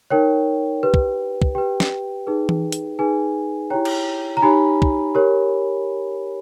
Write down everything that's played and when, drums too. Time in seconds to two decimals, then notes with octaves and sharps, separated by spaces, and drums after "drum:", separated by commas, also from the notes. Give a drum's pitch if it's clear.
0.10 D#4 A#4 C#5 G5
0.83 G4 B4
0.94 drum: kick
1.42 drum: kick
1.55 G4 B4 G5
1.80 drum: snare
2.27 D#4 G#4 B4
2.49 drum: tom E3
2.72 drum: hi-hat
2.99 D#4 G#4 B4 G#5
3.70 E4 G4 C#5 G5 A#5
3.85 drum: cymbal
4.37 A#5
4.42 D#4 G4 C#5 G#5 B5
4.82 drum: kick
5.15 G4 A#4 C#5